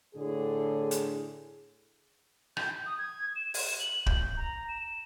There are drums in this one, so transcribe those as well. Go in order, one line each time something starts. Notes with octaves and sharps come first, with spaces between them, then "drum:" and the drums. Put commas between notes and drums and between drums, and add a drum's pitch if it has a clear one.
A2 D3 G#4
drum: hi-hat
G6, drum: rim click
D#6
G#6
E7
drum: open hi-hat
F#7
G6, drum: kick
A#5
E7